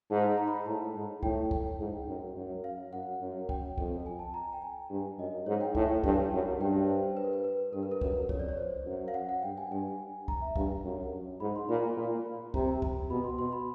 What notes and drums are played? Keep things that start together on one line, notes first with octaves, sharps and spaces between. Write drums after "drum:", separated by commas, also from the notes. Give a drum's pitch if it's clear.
G#2 A5
A#5
B5
A#5
A2 A5
G#2
A2 G5, drum: kick
drum: kick
G#2
F#2
F#2
F5
F#2 F#5
F#2
G5, drum: kick
F2, drum: kick
G#5
A5
A#5
G5
G#5
G2
F#2 D#5
G#2 C#5
G5
A2 G#5, drum: kick
G2, drum: kick
F#2
G2 G5
C#5
C5
C5
B4
A#4
B4
B4
G2 A#4
B4
A#4
F#2 B4, drum: kick
F2 C#5, drum: kick
D5
C#5
C5
F#2
F5
F#5
F#5
G2 G5
G#5
G2 G#5
A#5, drum: kick
E5
G2 F5, drum: kick
F#2
G#2 B5
C6
A#2 B5
A#2
B5
C3 A#5, drum: kick
drum: kick
B2 B5
C6
B2 C6
B5